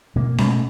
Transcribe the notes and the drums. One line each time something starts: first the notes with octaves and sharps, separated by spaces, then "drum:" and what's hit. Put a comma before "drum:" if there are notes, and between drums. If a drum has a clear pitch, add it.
B2 A#3
B2 A3, drum: snare C#4